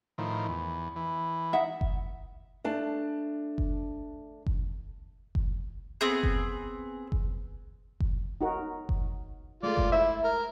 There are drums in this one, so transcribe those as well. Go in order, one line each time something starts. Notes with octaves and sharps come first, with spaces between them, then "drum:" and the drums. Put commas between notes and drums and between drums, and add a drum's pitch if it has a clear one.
A2 D#3 F3
E2
E3
D#4 E5 F#5
drum: kick F#1
A3 D4 A5
drum: kick F#1
drum: kick F#1
drum: kick F#1
B3 C4 G#4
drum: kick F#1
drum: kick F#1
drum: kick F#1
D#4 F#4 A#4
drum: kick F#1
G#3 A3 F4 D5
drum: kick F#1
E4 C5 E5
A#4